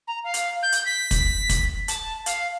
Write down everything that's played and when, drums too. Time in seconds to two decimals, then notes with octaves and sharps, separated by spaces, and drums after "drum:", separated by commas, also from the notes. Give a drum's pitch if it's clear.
0.07 A#5
0.24 F5
0.34 drum: hi-hat
0.63 G6
0.72 drum: hi-hat
0.86 B6
1.11 drum: kick, hi-hat
1.49 drum: kick, hi-hat
1.88 A5, drum: hi-hat
2.26 F5, drum: hi-hat